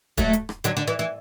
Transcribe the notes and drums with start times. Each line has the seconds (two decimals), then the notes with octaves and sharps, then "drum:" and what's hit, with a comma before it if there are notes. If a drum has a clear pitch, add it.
0.17 F#3 A3, drum: kick, hi-hat
0.33 drum: hi-hat
0.49 drum: rim click
0.64 D3 F#3, drum: hi-hat
0.77 D3
0.88 E3
0.99 E3